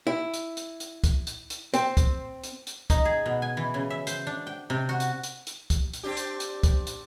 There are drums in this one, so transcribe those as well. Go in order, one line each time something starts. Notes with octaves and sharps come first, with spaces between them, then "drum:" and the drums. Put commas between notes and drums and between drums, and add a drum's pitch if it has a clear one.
E4
drum: hi-hat
drum: hi-hat
drum: hi-hat
drum: kick, hi-hat
drum: hi-hat
drum: hi-hat
C4, drum: hi-hat
drum: kick, hi-hat
drum: hi-hat
drum: hi-hat
D#4, drum: kick, hi-hat
G#4
B2
G#5
E3
C#3
E5
C5, drum: hi-hat
D4
G5
C3
F#4
drum: hi-hat
drum: hi-hat
drum: hi-hat
drum: kick, hi-hat
drum: hi-hat
C4 D4 G4
drum: hi-hat
drum: hi-hat
drum: kick, hi-hat
drum: hi-hat